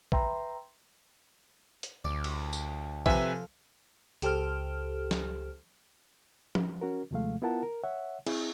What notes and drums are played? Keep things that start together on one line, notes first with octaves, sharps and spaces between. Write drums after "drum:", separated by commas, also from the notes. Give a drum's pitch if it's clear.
B4 E5 G5 A#5 C6, drum: kick
drum: hi-hat
D2 D5
drum: cymbal
drum: tambourine
C3 F3 A4 B4 E5 G#5, drum: kick
C#2 G4 A4 C5 F6, drum: hi-hat
drum: snare
drum: tom F3
C#4 F#4 A#4
D#2 C3 F3 G#3 A3 F5
B3 E4 F4 A#4 F#5 A5
A#4
C#5 E5 F#5
C4 E4 G#4, drum: cymbal